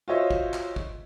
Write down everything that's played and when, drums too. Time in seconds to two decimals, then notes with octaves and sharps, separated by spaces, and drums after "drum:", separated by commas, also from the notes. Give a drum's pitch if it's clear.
0.08 F4 F#4 C5 C#5 D#5 E5
0.31 drum: kick
0.53 drum: clap
0.76 drum: kick